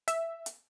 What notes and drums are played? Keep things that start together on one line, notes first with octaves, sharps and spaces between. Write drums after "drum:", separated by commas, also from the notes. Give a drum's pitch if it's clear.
E5, drum: hi-hat
drum: hi-hat